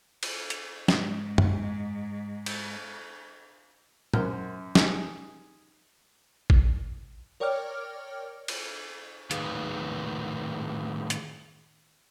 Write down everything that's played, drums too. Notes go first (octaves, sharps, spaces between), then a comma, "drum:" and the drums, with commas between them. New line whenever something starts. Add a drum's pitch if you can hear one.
drum: cymbal
drum: hi-hat
G#2 G#3, drum: snare
drum: tom F#2
drum: cymbal
F#2 C#4 A#4 C5 F#5, drum: tom
D#4 G4 G#4, drum: snare
drum: kick G#1
A#4 C#5 D5 G5 D6 F6
drum: cymbal
A2 D#3 D#4 G#4 B4 F5, drum: hi-hat
drum: hi-hat